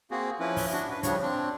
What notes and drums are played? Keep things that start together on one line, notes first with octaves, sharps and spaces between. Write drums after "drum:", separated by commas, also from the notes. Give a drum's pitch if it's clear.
A#3 C4 F#4 G#4
F3 C#4 E4 B4
drum: kick, open hi-hat
D4 F#4
B4
C#3 F3 G3 D4 C#5, drum: kick, hi-hat
C4 D4